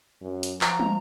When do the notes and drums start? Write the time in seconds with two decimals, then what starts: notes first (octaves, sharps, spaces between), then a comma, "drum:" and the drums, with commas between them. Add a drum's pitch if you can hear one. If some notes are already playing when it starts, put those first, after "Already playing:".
0.22 F#2
0.43 drum: hi-hat
0.61 F3 A#5, drum: clap
0.79 drum: tom